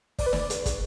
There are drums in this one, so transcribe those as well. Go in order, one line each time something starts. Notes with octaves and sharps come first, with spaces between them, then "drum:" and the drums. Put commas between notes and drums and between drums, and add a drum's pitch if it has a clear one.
D5, drum: kick, open hi-hat
B4
D5, drum: snare
drum: hi-hat
drum: kick, hi-hat